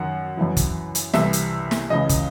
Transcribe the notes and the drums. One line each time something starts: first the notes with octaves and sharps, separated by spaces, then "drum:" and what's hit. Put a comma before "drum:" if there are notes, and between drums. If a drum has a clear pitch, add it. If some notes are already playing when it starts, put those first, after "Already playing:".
Already playing: F#2 D#3 F#3 F#5
F#2 E3
drum: kick, hi-hat
drum: hi-hat
C2 C3 E3 E5, drum: snare
drum: hi-hat
drum: snare
C#2 C#3 E3 D#5
drum: kick, hi-hat